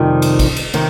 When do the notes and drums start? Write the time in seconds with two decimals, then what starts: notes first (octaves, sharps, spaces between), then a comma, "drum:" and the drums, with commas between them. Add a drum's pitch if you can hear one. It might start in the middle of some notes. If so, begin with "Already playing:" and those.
Already playing: F2 C3 D#3 G3
0.22 drum: cymbal
0.39 drum: kick, cymbal
0.56 drum: cymbal
0.74 C3 D#3, drum: cymbal